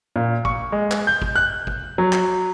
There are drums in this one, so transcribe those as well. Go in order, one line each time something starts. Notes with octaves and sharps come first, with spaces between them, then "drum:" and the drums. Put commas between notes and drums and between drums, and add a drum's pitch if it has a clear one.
A#2
C#6, drum: kick
G#3
drum: clap
G6
drum: kick
F#6
drum: kick
F#3
drum: clap